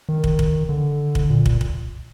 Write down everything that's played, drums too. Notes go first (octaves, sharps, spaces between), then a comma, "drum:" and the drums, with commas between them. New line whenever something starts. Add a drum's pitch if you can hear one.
D#3
drum: kick
drum: kick
D3
drum: kick
A#2
drum: kick
drum: kick